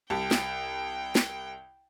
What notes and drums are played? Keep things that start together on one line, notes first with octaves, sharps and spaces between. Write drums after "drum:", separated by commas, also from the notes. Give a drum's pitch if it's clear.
C2 G4 G5 A5
drum: snare
drum: snare